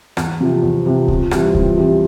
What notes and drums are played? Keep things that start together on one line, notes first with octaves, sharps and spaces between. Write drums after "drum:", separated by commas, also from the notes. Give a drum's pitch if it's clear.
E2, drum: rim click
C3 F3
E2
C3 F3
F2, drum: kick C#2
E3 G3 C4 G4, drum: rim click
F2, drum: kick C#2
E3 G3 C4 G4